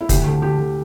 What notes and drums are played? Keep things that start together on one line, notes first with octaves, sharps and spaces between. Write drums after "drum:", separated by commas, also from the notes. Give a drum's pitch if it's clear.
E4
D2 G4, drum: kick, hi-hat
D3
D3 G4
D3